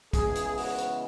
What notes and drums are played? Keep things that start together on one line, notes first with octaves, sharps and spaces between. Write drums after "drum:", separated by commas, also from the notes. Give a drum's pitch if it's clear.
C#3 E3 G#3 B3 G#4, drum: kick, hi-hat
drum: hi-hat
F#4, drum: open hi-hat
drum: hi-hat